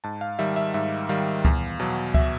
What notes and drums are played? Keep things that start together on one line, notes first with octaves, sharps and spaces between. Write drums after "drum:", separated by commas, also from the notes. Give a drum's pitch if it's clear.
G#2 A5
F5
D#3 G3 E5
E5
G#2 E5
D#3 G3 F5
E2, drum: kick C#2
B2 F#3
E5, drum: kick C#2